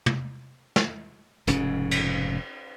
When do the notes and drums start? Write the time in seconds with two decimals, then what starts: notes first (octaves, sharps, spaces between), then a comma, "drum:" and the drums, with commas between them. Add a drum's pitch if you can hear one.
0.06 drum: tom
0.76 drum: snare
1.47 F1 G#2 C#3 C#4, drum: hi-hat
1.91 drum: cymbal